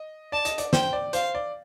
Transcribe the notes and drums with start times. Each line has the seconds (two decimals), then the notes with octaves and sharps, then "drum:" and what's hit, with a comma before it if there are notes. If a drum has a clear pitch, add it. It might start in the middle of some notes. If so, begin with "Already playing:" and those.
Already playing: D#5
0.32 D5 A5
0.45 D#5, drum: hi-hat
0.58 D5, drum: hi-hat
0.73 C5 G5, drum: snare
0.93 D5
1.13 C5 F5, drum: hi-hat
1.35 D5